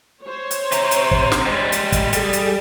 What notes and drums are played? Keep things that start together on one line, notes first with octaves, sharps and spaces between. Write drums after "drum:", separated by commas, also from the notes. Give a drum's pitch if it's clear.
C5 C#5
drum: hi-hat
C3 A#5, drum: hi-hat
drum: hi-hat
drum: kick
drum: snare
G3 G#3
drum: hi-hat
drum: kick, hi-hat
G3 G#4 A4, drum: hi-hat
drum: hi-hat